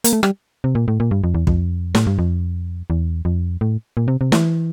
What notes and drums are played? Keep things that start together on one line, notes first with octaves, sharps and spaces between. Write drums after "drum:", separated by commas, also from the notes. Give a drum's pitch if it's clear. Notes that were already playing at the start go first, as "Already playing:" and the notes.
A#3, drum: hi-hat
A3
G3, drum: rim click
C3
A#2
A2
A#2
G2
F2
E2
F2, drum: kick
A2, drum: snare
G2
F2
E2
F2
A2
A#2
C3
C3
E3, drum: snare